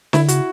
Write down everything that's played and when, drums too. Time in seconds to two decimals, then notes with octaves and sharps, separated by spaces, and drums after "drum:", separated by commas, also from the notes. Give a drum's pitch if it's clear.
0.13 D3 E4, drum: snare
0.28 C#3 F#4, drum: hi-hat